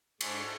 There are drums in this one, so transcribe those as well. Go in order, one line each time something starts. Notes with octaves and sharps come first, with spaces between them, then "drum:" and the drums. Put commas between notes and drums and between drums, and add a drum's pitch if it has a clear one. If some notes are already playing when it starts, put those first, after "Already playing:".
G#2 G#3 D4 C#5, drum: cymbal